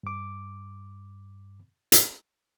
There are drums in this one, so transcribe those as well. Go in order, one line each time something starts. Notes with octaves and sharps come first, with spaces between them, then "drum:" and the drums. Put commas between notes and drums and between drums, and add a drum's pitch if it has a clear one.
G2 D6
drum: hi-hat